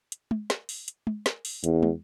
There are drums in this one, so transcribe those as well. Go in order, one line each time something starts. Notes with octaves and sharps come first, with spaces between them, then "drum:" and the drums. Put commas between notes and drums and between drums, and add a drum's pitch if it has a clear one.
drum: hi-hat
drum: tom
drum: snare
drum: open hi-hat
drum: hi-hat
drum: tom
drum: snare
drum: open hi-hat
E2, drum: hi-hat
drum: tom